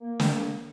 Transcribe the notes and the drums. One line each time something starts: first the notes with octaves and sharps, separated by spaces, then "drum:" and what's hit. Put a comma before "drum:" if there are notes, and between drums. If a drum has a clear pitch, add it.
A#3
drum: snare